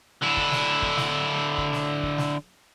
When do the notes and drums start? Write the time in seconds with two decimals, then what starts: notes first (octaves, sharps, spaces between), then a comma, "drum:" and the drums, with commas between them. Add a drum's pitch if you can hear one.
0.22 D3 E4
0.37 drum: kick
0.52 drum: snare
0.82 drum: kick
0.97 drum: snare
1.58 drum: kick
1.73 drum: snare
2.03 drum: kick
2.18 drum: snare